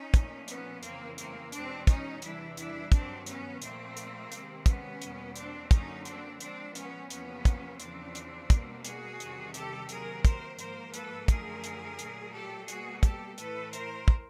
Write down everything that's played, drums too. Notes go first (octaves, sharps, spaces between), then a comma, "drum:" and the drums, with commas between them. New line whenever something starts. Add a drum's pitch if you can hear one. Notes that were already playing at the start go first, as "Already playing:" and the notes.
Already playing: C#4 D#4
A#2 F3 A3, drum: kick, hi-hat
B3 C#4, drum: hi-hat
F2 C#3 E3 A#3 C4, drum: hi-hat
A#3 C4, drum: hi-hat
E2 B2 G#3 C4 D4, drum: hi-hat
C#4 D#4, drum: kick, hi-hat
E2 C3 E3 G3 D4 E4, drum: hi-hat
D4 E4, drum: hi-hat
G2 D#3 F#3 C4 D4, drum: kick, hi-hat
B3 C#4, drum: hi-hat
A#2 F3 A3 A#3 C4, drum: hi-hat
drum: hi-hat
C3 D#3 G#3, drum: hi-hat
B3 C#4, drum: kick, hi-hat
E2 B2 G3 A#3, drum: hi-hat
C4 D4, drum: hi-hat
F#2 D3 F#3 A#3 C#4 D#4, drum: kick, hi-hat
C4 D4, drum: hi-hat
A#2 F3 G#3 C4 D4, drum: hi-hat
B3 C#4, drum: hi-hat
E2 C3 F3 A#3 B3 C#4, drum: hi-hat
drum: kick, hi-hat
E2 C#3 F3 C4 D4, drum: hi-hat
drum: hi-hat
B2 G3 A#3, drum: kick, hi-hat
F#4 G#4, drum: hi-hat
E2 C3 D#3 G3, drum: hi-hat
G4 A4, drum: hi-hat
C3 D#3 F#3 A#3 G#4 A#4, drum: hi-hat
A#4 C5, drum: kick, hi-hat
G#2 F3 A#3 A#4 C5, drum: hi-hat
A4 B4, drum: hi-hat
F#2 D3 F3 A3 G#4 A#4, drum: kick, hi-hat
drum: hi-hat
A#2 F#3 A3, drum: hi-hat
G4 A4
B2 G3 A#3 F#4 G#4, drum: hi-hat
G4 A4, drum: kick, hi-hat
A2 E3 A3 A4 B4, drum: hi-hat
A#4 C5, drum: hi-hat
drum: kick